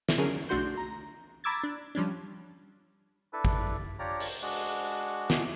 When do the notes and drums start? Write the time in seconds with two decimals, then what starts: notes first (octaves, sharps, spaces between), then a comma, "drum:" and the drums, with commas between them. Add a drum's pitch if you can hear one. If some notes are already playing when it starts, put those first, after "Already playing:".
0.09 drum: snare
0.18 D3 F#3 C#4 G#4 A#4
0.49 B1 A3 D4 F#4 C6 G6
0.77 A#5
1.44 A#5 B5 D6 E6 G#6 A6
1.64 D4
1.95 F3 G3 C#4 D4
3.33 D4 E4 A4 B4
3.45 drum: kick G#1
3.99 D4 F4 G4 C#5 D5 A#5
4.20 drum: open hi-hat
4.42 G#3 D4 F#4
4.51 drum: open hi-hat
5.30 drum: snare